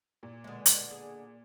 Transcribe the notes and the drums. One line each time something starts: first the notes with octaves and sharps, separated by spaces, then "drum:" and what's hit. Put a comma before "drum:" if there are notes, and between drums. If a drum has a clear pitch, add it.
A#2
B2 D3 G#3
drum: hi-hat
G#4